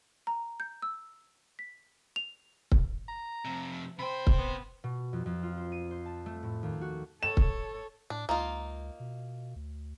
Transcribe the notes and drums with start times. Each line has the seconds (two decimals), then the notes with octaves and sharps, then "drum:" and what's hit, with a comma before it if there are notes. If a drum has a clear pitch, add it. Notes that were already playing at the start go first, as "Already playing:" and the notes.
0.27 A#5
0.60 G6
0.82 E6
1.59 B6
2.16 F7
2.72 drum: kick C#1
3.08 A#5
3.45 F2 C3
3.99 C3 C5 G5 B5
4.27 drum: kick C#1
4.38 B3
4.84 B2
5.13 F2
5.26 F2
5.43 F4
5.58 C5
5.72 D#7
5.91 C5
6.06 A5
6.26 A3
6.43 A2
6.63 D#2
6.81 F#4
7.23 A4 C#5 E7
7.37 drum: kick C#1
8.10 A2 D4
8.29 C#2 A#3 D#4 F4
9.00 B2
9.56 D2